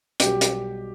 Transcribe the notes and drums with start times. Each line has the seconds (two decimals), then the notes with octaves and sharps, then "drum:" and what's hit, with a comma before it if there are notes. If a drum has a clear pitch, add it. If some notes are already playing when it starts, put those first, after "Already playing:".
0.20 B1 B2 G3 G4, drum: hi-hat
0.41 drum: hi-hat